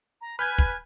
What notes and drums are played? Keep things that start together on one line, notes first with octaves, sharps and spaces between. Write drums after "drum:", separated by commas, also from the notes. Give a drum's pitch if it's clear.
A#5
B4 G#5 F6 G6 G#6
drum: kick